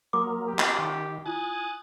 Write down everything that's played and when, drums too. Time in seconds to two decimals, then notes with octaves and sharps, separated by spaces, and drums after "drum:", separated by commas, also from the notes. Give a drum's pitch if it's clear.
0.13 F#3 A#3 A#4 C6 D6 D#6
0.48 G4
0.59 drum: clap
0.78 D#3
1.26 E4 F4 G#5 D#6 F#6 A6